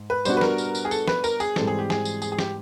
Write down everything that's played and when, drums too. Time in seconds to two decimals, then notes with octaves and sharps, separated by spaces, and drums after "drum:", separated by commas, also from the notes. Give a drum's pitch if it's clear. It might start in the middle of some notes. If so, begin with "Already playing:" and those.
Already playing: G#2
0.10 B4
0.25 G3 B3 D4 F#4 C5, drum: tambourine
0.37 B4
0.41 A#4, drum: snare
0.58 drum: tambourine
0.75 drum: tambourine
0.85 G#4
0.91 A4, drum: tambourine
1.08 B4, drum: snare
1.24 A#4, drum: tambourine
1.40 G#4, drum: tambourine
1.56 G#2 E3 G3 C4 A4, drum: snare
1.67 G#4
1.79 G4
1.90 G#4, drum: snare
2.05 drum: tambourine
2.22 G#4, drum: tambourine
2.32 G#4
2.39 G4, drum: snare